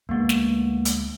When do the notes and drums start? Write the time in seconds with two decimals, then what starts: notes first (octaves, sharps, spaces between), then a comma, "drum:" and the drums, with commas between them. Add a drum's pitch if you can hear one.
0.09 D2 G#3 A#3 B3
0.29 drum: snare
0.85 drum: hi-hat